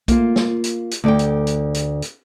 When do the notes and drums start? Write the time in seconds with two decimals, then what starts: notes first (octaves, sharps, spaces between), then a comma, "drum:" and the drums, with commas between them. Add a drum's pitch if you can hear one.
0.08 A#3 F4, drum: kick, hi-hat
0.36 drum: snare
0.64 drum: hi-hat
0.91 drum: hi-hat
1.04 D2 D5 G5
1.19 drum: hi-hat
1.47 drum: hi-hat
1.74 drum: hi-hat
2.02 drum: hi-hat